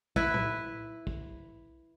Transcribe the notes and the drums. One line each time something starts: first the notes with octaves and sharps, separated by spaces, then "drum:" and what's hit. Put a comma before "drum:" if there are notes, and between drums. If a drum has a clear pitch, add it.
E4 B4, drum: kick
drum: tom A2
drum: kick